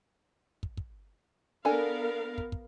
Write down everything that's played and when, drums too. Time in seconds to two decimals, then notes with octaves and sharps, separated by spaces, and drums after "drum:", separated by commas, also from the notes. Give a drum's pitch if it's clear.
0.63 drum: kick
0.77 drum: kick
1.65 B3 D4 A4 A#4 F5 G#5
2.38 drum: kick
2.52 drum: kick